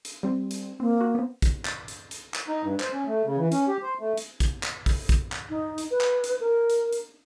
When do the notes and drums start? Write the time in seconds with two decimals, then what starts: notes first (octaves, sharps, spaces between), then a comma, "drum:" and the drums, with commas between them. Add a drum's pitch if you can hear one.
0.05 drum: hi-hat
0.23 G3 C4
0.51 drum: hi-hat
0.80 A#3 C4
1.01 F#4
1.15 B3 C4
1.42 drum: kick, hi-hat
1.65 drum: clap
1.88 drum: hi-hat
2.11 drum: hi-hat
2.34 drum: clap
2.48 D#4
2.63 G2
2.80 C5, drum: clap
2.93 C#4
3.07 A3
3.24 C#3
3.37 E3
3.52 C#4, drum: hi-hat
3.68 G4
3.83 C5
3.99 A3
4.17 drum: hi-hat
4.40 drum: kick, hi-hat
4.63 drum: clap
4.86 drum: kick, open hi-hat
5.09 drum: kick, hi-hat
5.32 drum: clap
5.50 D#4
5.78 drum: hi-hat
5.91 B4
6.01 drum: clap
6.24 drum: hi-hat
6.40 A#4
6.70 drum: hi-hat
6.93 drum: hi-hat